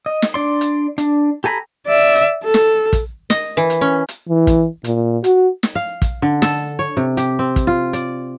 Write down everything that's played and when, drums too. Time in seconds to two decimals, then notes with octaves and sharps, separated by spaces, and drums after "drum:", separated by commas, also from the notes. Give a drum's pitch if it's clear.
0.06 D#5
0.22 drum: snare
0.34 D4 D5 C6
0.61 drum: hi-hat
0.98 D4, drum: hi-hat
1.44 G4 A4 G#5 A#5 B5
1.86 D5 E5
2.15 drum: hi-hat
2.44 A4
2.54 drum: snare
2.93 drum: kick, hi-hat
3.30 D#5, drum: snare
3.57 E3
3.70 drum: hi-hat
3.81 C#4
4.09 drum: hi-hat
4.29 E3
4.47 drum: kick, hi-hat
4.84 A#2, drum: hi-hat
5.24 F#4, drum: hi-hat
5.63 drum: snare
5.75 F5
6.02 drum: kick, hi-hat
6.22 D3
6.42 A4, drum: snare
6.79 C#5
6.97 C3
7.17 G4, drum: hi-hat
7.39 C4
7.56 drum: kick, hi-hat
7.67 F4
7.93 D5, drum: hi-hat